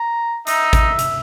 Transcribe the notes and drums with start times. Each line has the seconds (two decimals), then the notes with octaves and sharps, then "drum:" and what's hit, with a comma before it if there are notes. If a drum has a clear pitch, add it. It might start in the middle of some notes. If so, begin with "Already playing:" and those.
Already playing: A#5
0.47 D#4 E5, drum: hi-hat
0.73 drum: kick, hi-hat
0.99 drum: hi-hat